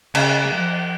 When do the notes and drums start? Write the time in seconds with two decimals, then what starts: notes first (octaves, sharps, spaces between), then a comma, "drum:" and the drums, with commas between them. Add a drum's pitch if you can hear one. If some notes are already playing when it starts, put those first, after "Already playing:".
0.15 C#3, drum: cymbal
0.55 F3